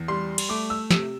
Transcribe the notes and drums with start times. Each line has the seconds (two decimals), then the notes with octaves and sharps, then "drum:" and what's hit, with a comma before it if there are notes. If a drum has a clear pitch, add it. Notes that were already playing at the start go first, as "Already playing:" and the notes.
Already playing: E2
0.08 G3 C6
0.38 drum: cymbal
0.49 A3 D6
0.70 E6
0.91 C3 E6, drum: snare